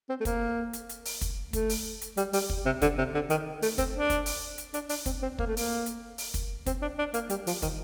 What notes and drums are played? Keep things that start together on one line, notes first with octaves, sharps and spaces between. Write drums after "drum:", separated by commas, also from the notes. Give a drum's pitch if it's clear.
C4
A3
A#3, drum: kick, hi-hat
drum: hi-hat
drum: hi-hat
drum: open hi-hat
drum: kick, hi-hat
A3, drum: kick, hi-hat
drum: open hi-hat
drum: hi-hat
G3, drum: hi-hat
G3, drum: open hi-hat
drum: kick
C3
D3, drum: kick, hi-hat
C3
D3
D#3, drum: hi-hat
A3, drum: open hi-hat
C4, drum: kick, hi-hat
D4
drum: kick, hi-hat
drum: open hi-hat
drum: hi-hat
D4, drum: hi-hat
D4, drum: open hi-hat
C4, drum: kick, hi-hat
C4
A#3, drum: kick
A3
A#3, drum: open hi-hat
drum: hi-hat
drum: open hi-hat
drum: kick, hi-hat
C4, drum: kick, hi-hat
D4
D4
A#3, drum: hi-hat
G3, drum: hi-hat
F3, drum: open hi-hat
D#3, drum: kick, hi-hat